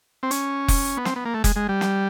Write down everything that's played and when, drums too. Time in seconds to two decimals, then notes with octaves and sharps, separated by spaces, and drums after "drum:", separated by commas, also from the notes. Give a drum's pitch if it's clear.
0.23 C4
0.31 C#4, drum: hi-hat
0.68 drum: kick F1, open hi-hat
0.97 B3
1.05 C4, drum: snare
1.16 B3
1.25 A#3
1.34 A3
1.44 G#3, drum: kick F1, hi-hat
1.56 G#3
1.69 G3
1.81 drum: snare